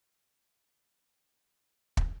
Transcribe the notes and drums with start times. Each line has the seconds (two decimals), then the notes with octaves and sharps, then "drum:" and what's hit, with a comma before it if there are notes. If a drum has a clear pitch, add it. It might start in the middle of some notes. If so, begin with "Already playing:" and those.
0.19 F3
1.97 drum: kick